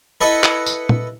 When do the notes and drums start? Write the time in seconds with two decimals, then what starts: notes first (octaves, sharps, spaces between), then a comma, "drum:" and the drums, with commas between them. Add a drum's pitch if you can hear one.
0.21 E4 A4 B4 D#5 F#5
0.44 drum: clap
0.66 drum: tambourine
0.89 drum: tom